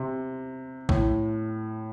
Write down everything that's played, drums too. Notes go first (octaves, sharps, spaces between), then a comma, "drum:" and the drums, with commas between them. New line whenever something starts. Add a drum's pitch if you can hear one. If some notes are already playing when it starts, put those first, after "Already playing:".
Already playing: C3
A2, drum: kick A#1